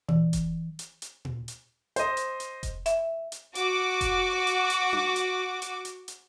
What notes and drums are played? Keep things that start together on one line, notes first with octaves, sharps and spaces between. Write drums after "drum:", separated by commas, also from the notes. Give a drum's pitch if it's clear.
E3, drum: tom A#2
drum: kick F1, hi-hat
drum: hi-hat
drum: hi-hat
drum: tom A#2
drum: hi-hat
C5 D#5, drum: hi-hat
drum: hi-hat
drum: hi-hat
drum: kick F1, hi-hat
E5, drum: hi-hat
drum: hi-hat
F#4 D6, drum: hi-hat
drum: kick F1, hi-hat
drum: hi-hat
drum: hi-hat
drum: tom D4
drum: hi-hat
drum: hi-hat
drum: hi-hat
drum: hi-hat